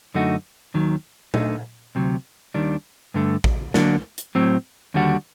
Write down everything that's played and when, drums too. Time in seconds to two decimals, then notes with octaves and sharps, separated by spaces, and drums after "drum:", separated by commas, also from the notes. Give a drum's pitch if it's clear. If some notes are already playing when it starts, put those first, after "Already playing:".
0.14 F#2 D3 A3 D#4 F#4
0.74 D#2 D#3 F#3
1.34 D2 D3 A3 D#4, drum: tom A#2
1.95 D2 C3 F#3
2.54 D#2 D#3 G3 D4
3.14 G2 D3 A3
3.44 drum: kick A1
3.74 D3 F#3 A#3 D4, drum: snare
4.18 drum: hi-hat
4.35 A2 F#3 C4
4.94 D#2 D3 G3 D4 F#4